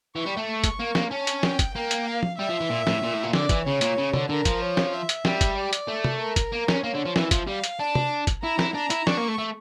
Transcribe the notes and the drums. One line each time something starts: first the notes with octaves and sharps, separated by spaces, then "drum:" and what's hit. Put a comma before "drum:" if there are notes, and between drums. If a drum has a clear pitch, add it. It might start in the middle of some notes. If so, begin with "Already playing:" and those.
E3 C#6
G3
A3
C#6
drum: kick, hi-hat
A#3
A#3, drum: snare
C#4 A5
drum: hi-hat
G5, drum: snare
drum: kick, hi-hat
A#3 G5
drum: hi-hat
F5
drum: tom
G3 E5
F3
E3
A#2
A2, drum: snare
A#2
A2
A#2
D3 D5, drum: snare
E3, drum: kick, hi-hat
C#3 C#5
A#2, drum: hi-hat
C#3
D3, drum: tom
D3 A#4
F3, drum: kick, hi-hat
C#5
drum: snare
E5
drum: hi-hat
G3, drum: snare
drum: kick, hi-hat
D5
drum: hi-hat
A3
drum: tom
A#4
drum: kick, hi-hat
A#3
C#4, drum: snare
A#3 C#5
D3
F3
E3 E5, drum: snare
F3, drum: kick, hi-hat
G3 F5
drum: hi-hat
D4 A5
drum: tom
drum: kick, hi-hat
E4 A#5
E4, drum: snare
D4 A#5
E4, drum: hi-hat
D4 C#6, drum: snare
A#3
A3
A3